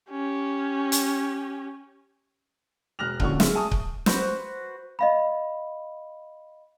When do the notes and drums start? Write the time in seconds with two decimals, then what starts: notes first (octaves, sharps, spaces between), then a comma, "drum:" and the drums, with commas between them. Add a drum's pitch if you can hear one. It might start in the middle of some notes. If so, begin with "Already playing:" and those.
0.11 C#4 G4
0.92 drum: hi-hat
2.99 E1 F6 F#6 A#6 F7
3.20 A#1 D3 C#4 E4 F#4 C#6, drum: kick C#1
3.40 G#4 E5, drum: snare
3.55 G#5 A5 C#6 D#6
3.71 drum: kick C#1
4.06 F#4 B4 C5, drum: snare
4.99 D#5 F5 B5